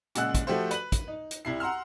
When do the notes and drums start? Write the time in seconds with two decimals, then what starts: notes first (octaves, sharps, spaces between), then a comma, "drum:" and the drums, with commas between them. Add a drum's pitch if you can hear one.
0.15 A#2 C#3 G#3 F#5 E6 F#6, drum: hi-hat
0.35 drum: kick, hi-hat
0.47 F3 A3 F#4 G4 A4 C5
0.71 B4 F#7, drum: hi-hat
0.92 drum: kick, hi-hat
1.08 D#4
1.31 drum: hi-hat
1.45 C2 E4 C7
1.60 F#5 A#5 C6 E6 F6